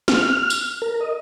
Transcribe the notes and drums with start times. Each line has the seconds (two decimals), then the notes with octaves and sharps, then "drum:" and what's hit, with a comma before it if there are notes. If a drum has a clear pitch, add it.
0.08 F6, drum: snare
0.50 drum: tambourine
0.82 A#4
1.00 D#5